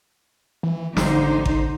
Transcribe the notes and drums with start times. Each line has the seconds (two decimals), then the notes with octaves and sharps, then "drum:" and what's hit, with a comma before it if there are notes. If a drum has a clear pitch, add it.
0.63 E3
0.97 A1 D3 D#4 C5, drum: snare
1.45 drum: kick G#1